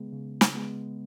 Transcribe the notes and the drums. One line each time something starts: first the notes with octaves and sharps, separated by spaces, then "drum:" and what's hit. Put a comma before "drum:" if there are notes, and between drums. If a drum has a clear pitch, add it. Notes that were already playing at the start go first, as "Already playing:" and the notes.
Already playing: C#3 G#3 B3 G#4
C#3
drum: snare
G#3 B3